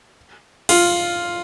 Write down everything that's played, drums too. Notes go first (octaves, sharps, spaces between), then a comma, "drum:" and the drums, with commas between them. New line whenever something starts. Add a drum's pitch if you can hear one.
F4, drum: cymbal